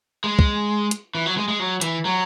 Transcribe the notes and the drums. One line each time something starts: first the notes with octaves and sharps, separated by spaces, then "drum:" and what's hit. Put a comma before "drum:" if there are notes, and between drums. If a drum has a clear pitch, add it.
G#3
drum: kick
drum: hi-hat
E3
F#3
G#3
G#3
F#3
E3, drum: hi-hat
F#3